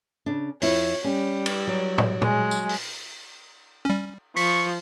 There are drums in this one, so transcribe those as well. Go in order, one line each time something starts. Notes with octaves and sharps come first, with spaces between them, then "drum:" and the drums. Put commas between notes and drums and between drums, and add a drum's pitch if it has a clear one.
C#3 D4
F2 E4 C#5, drum: open hi-hat
G3 C#4
drum: cymbal
F#3
drum: tom
G#3, drum: tom
drum: tambourine
drum: open hi-hat
G3 C#4
F3 C#6 B6, drum: open hi-hat